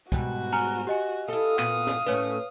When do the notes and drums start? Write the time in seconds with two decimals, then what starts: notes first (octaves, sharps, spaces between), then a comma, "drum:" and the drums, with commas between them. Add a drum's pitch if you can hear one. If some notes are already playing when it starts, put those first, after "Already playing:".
0.12 G#2 B2 G3 F#4, drum: kick
0.52 G#5 A#5 F6, drum: cymbal
0.87 F#4 G4 D#5 G#5
1.28 E4 A4 F5 D#6
1.59 A#2 B3 D#7, drum: clap
1.87 drum: snare
2.06 A2 A3 C#4 B4 C#5